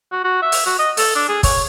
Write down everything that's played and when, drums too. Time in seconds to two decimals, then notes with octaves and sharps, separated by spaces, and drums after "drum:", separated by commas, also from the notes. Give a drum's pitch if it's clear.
0.12 F#4
0.24 F#4
0.42 E5
0.52 drum: open hi-hat
0.66 F#4
0.79 D#5
0.97 A4, drum: open hi-hat
1.15 D4
1.29 G#4
1.43 C#5, drum: kick, open hi-hat